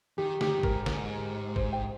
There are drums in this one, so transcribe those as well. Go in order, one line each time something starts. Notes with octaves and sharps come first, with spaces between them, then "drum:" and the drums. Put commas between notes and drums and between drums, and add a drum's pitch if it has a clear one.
D#3 G4
D#3 G4, drum: snare
G2
G#2 A#4, drum: kick
G#2, drum: snare
C5, drum: kick
G5